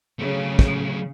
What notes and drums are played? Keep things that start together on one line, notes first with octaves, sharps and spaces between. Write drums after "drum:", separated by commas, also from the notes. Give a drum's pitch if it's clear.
C#3 F#3 A3
drum: kick